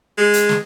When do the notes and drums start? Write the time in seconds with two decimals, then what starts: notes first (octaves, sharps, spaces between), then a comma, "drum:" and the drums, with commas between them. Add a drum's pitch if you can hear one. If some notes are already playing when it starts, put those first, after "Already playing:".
0.18 G#3
0.33 drum: hi-hat
0.49 drum: snare